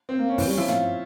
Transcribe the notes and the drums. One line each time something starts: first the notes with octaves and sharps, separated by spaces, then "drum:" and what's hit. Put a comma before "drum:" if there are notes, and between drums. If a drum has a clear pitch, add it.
C4
A#3
C#4
E3 C4, drum: kick, open hi-hat
G3 C#4
F3 E4
F4, drum: tom